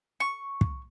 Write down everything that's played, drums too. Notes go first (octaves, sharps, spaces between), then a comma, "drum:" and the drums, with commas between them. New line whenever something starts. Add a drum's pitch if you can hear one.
C#6
drum: kick